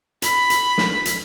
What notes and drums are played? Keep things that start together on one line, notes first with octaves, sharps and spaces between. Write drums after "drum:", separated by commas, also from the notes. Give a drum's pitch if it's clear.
B5, drum: hi-hat
drum: hi-hat
drum: snare
drum: hi-hat